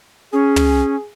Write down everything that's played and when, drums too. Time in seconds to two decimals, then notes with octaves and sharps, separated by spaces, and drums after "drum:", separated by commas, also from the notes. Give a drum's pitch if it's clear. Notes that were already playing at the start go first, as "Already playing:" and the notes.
0.33 C#4 G#4
0.56 drum: tom